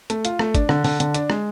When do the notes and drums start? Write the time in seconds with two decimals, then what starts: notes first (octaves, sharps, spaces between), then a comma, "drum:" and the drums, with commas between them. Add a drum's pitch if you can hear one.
0.10 A3, drum: hi-hat
0.25 F4, drum: hi-hat
0.39 A3, drum: rim click
0.55 D4, drum: kick, hi-hat
0.69 D3, drum: rim click
0.84 D3, drum: open hi-hat
1.00 D3, drum: hi-hat
1.14 D4, drum: hi-hat
1.30 G#3, drum: rim click